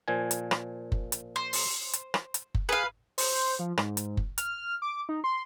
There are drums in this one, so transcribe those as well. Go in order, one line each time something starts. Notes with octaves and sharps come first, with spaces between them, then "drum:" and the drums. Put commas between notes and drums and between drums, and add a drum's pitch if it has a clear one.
A#2 F3 G#5
drum: hi-hat
drum: rim click
drum: kick F#1
drum: hi-hat
C5
drum: open hi-hat
drum: hi-hat
drum: rim click
drum: hi-hat
drum: kick F#1
G#4 B4 F5
C5, drum: open hi-hat
F3
G#2, drum: rim click
drum: hi-hat
drum: kick F#1
F6, drum: hi-hat
D6
D#4
C6